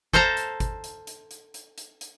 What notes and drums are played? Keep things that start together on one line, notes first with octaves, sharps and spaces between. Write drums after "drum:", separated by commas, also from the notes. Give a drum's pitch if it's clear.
A4 C5 F5 A5 A#5, drum: kick G1
drum: hi-hat
drum: kick G1, hi-hat
drum: hi-hat
drum: hi-hat
drum: hi-hat
drum: hi-hat
drum: hi-hat
drum: hi-hat